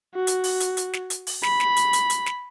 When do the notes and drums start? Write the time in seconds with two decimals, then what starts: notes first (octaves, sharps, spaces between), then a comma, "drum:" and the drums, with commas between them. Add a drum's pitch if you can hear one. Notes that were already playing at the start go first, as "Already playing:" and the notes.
0.16 F#4
0.27 drum: hi-hat
0.44 drum: open hi-hat
0.60 drum: hi-hat
0.77 drum: hi-hat
0.93 drum: snare
1.10 drum: hi-hat
1.27 drum: open hi-hat
1.43 B5, drum: snare
1.60 drum: snare
1.76 drum: hi-hat
1.93 drum: hi-hat
2.10 drum: hi-hat
2.26 drum: snare